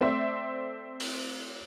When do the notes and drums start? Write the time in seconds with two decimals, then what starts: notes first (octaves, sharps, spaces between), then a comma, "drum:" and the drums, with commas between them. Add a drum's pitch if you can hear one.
0.01 A3 C4 D5 E5 C6
1.00 drum: open hi-hat